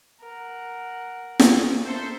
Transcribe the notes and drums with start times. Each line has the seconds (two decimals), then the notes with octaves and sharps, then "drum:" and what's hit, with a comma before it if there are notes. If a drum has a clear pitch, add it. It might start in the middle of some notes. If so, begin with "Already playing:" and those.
0.21 A#4 F#5
1.39 drum: snare
1.86 A#3 A4 C5 E5